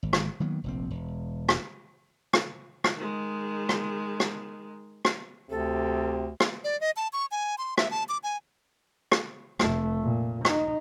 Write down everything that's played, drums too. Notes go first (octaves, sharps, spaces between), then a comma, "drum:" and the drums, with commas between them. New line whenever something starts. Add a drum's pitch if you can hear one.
G#1
drum: rim click
D#3 F#3 A#3 B3
F1 A#1 C4
E1
drum: rim click
drum: rim click
drum: rim click
D#3 G#3
drum: rim click
drum: rim click
drum: rim click
D2 C3 A4
drum: rim click
D5
D#5
A5
C#6
G#5
C6
E5, drum: rim click
A5
D6
G#5
drum: rim click
F1 A3, drum: rim click
A#2
D#4, drum: rim click